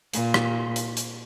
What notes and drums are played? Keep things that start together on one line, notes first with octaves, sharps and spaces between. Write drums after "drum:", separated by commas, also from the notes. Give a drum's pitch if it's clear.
A#2, drum: hi-hat
drum: rim click
drum: hi-hat
drum: hi-hat